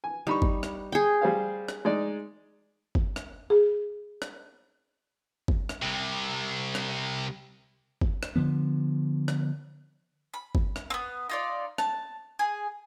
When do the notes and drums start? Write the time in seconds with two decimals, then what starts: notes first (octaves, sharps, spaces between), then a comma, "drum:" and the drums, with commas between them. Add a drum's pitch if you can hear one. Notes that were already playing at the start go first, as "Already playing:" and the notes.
0.04 G#5
0.27 G3 D#4 B5 C#6
0.42 drum: kick G1
0.63 drum: rim click
0.92 G#4 G5
1.21 G3 C5 F5
1.68 drum: rim click
1.85 G#3 D#4 D5
2.95 drum: kick G1
3.16 drum: rim click
3.50 G#4
4.22 drum: rim click
5.48 drum: kick G1
5.69 drum: rim click
5.82 C2 C3
6.75 drum: rim click
8.01 drum: kick G1
8.23 drum: rim click
8.36 D3 D#3 F3 B3
9.28 drum: rim click
10.34 B5
10.55 drum: kick G1
10.76 drum: rim click
10.90 B3 C4
11.30 D#4 F4 D5
11.78 A5, drum: rim click
12.39 G#4